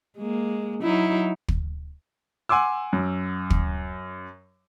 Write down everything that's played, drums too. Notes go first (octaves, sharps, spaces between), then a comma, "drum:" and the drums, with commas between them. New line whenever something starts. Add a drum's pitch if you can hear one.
G#3 A#3
F#3 D#4 E4
drum: kick
F#5 G#5 C6 D6 E6
F#2
drum: kick